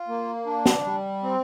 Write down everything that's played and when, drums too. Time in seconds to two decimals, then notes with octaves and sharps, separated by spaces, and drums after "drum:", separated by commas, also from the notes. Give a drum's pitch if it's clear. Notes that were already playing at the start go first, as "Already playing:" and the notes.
Already playing: F4
0.08 A#3
0.46 D4
0.66 drum: snare
0.85 G3
1.23 C4